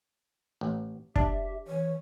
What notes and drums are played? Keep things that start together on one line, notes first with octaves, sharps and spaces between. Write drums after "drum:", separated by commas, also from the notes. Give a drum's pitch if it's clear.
A1
D4 G4 E5, drum: kick
E3 C#5